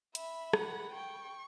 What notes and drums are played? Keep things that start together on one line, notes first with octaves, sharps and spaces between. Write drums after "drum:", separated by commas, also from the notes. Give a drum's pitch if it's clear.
E5 B5, drum: hi-hat
F#5, drum: rim click
G5 C#6